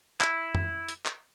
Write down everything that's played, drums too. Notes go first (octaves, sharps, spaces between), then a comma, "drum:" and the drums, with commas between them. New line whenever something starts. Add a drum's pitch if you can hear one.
E4, drum: clap
drum: tom
drum: hi-hat
drum: clap